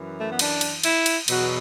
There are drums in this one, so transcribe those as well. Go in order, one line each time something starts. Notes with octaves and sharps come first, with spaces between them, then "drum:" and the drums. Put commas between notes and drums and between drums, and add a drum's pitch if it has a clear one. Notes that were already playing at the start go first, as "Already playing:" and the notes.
Already playing: F#2 E3
A3
B3
D4, drum: cymbal
drum: cymbal
E4, drum: cymbal
drum: cymbal
E2 B2 F#3 F#4, drum: cymbal